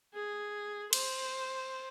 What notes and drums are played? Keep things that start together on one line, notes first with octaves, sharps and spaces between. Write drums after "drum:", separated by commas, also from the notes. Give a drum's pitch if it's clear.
G#4
C5, drum: cymbal